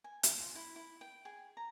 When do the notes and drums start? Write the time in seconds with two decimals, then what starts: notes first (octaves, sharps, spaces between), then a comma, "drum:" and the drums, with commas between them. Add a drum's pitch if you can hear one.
0.04 G#5
0.23 F5, drum: hi-hat
0.40 F4
0.55 E4
0.76 E4
1.01 G5
1.25 G#4
1.57 A#5